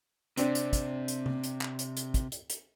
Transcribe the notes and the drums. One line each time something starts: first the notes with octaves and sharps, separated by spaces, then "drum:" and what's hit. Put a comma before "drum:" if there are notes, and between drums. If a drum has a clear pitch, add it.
C3 C4 D4, drum: hi-hat
drum: hi-hat
drum: kick, hi-hat
drum: hi-hat
drum: tom
drum: hi-hat
drum: clap
drum: hi-hat
drum: hi-hat
drum: kick, hi-hat
drum: hi-hat
drum: hi-hat